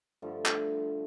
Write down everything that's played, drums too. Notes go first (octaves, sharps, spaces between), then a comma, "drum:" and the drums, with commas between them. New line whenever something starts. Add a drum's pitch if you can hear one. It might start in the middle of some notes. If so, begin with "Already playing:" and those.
G2 D3 F3 A3
drum: clap